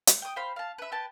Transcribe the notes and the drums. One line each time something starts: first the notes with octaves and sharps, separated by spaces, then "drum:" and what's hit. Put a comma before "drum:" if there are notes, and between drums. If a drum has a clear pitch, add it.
drum: hi-hat
G5 D#6
C5 F5 B5
F5 A5
B4 E5
G4 B4 A5